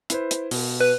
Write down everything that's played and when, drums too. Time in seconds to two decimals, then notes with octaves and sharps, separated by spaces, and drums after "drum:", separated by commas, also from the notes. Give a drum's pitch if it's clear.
0.10 E4 B4 C5, drum: hi-hat
0.31 drum: hi-hat
0.51 B2, drum: open hi-hat
0.81 B4